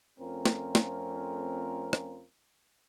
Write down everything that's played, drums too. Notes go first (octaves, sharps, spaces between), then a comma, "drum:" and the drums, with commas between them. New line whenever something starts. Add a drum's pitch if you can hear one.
F2 A3 C4 C#4 F4 A#4
drum: snare
drum: snare
drum: rim click